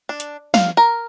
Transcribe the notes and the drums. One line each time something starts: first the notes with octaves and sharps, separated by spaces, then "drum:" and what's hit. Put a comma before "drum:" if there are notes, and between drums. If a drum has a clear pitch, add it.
D4
drum: hi-hat
F5, drum: snare
A#4